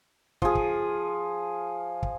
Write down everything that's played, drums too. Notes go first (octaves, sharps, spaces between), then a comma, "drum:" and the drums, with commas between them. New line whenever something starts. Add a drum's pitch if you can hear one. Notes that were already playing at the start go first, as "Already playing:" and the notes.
F3 G#4, drum: kick
drum: kick
drum: kick